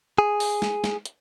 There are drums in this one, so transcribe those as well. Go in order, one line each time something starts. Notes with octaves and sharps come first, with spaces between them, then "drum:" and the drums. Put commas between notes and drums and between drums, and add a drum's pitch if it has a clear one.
G#4
drum: open hi-hat
drum: snare
drum: snare
drum: hi-hat